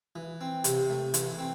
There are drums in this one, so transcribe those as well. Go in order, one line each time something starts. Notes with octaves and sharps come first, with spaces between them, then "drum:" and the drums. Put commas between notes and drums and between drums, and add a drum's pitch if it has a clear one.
E3
C4
C3, drum: hi-hat
A3
E3, drum: hi-hat
C4